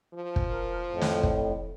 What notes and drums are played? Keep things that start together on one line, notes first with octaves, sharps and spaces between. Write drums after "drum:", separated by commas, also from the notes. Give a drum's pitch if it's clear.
F3
drum: kick
A#4
F2 A2
drum: snare
drum: kick